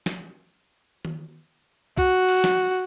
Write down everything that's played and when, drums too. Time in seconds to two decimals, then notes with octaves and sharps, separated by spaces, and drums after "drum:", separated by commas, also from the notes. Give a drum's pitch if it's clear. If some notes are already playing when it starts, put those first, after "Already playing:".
0.06 drum: snare
1.05 drum: tom D#3
1.97 F#4, drum: kick
2.29 drum: cymbal
2.44 drum: snare